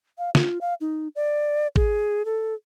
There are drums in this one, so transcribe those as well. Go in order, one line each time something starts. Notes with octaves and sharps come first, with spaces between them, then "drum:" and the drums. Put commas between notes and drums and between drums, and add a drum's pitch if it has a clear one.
F5
F4, drum: snare
F5
D#4
D5
G#4, drum: kick
A4